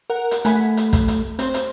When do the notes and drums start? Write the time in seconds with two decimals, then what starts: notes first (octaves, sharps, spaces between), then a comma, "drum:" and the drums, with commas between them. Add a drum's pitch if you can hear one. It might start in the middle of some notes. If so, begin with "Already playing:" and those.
0.10 A#4 F#5
0.31 drum: hi-hat
0.45 A3 F#5 G#5 B5, drum: hi-hat
0.77 drum: hi-hat
0.93 drum: kick, hi-hat
1.08 drum: hi-hat
1.39 C4 C5, drum: hi-hat
1.54 drum: hi-hat